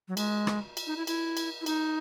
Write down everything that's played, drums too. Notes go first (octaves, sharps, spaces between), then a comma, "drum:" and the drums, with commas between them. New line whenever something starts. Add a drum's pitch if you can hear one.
F#3
G#3, drum: cymbal
drum: rim click
drum: cymbal
D#4
E4
E4, drum: cymbal
drum: cymbal
E4
D#4, drum: cymbal